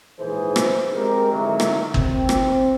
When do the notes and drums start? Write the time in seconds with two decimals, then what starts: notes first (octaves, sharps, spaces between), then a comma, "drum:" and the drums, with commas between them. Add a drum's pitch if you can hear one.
0.20 A#1 G#2 E3 G#4 C5
0.56 drum: rim click
0.94 G#3 C4 G4 A#4
1.33 G#2 D3 D#3 F#3 E4
1.60 drum: rim click
1.94 C4, drum: kick G1
2.29 drum: rim click